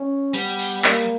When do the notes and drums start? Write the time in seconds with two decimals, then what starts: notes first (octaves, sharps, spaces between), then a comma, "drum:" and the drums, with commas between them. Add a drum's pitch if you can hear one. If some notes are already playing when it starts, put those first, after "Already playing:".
Already playing: C#4
0.34 G3 B3, drum: hi-hat
0.59 drum: open hi-hat
0.84 A#3, drum: clap